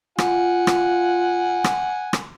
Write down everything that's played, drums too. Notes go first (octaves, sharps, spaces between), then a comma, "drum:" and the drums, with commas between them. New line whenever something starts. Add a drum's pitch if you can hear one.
F4 F#5 G#5, drum: rim click
drum: rim click
drum: rim click
drum: rim click